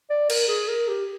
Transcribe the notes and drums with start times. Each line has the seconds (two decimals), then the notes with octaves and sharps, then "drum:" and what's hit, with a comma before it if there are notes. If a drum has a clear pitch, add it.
0.10 D5
0.30 A#4, drum: cymbal
0.49 G#4
0.69 A#4
0.89 G4